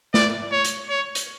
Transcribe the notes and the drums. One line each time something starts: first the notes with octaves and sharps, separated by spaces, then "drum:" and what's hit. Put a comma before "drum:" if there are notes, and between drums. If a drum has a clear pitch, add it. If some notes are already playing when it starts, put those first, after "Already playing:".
D5, drum: snare
C#5
drum: hi-hat
C#5
drum: hi-hat